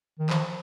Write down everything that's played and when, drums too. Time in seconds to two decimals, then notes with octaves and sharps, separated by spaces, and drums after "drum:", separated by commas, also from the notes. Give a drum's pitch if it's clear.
0.19 D#3
0.29 F3, drum: clap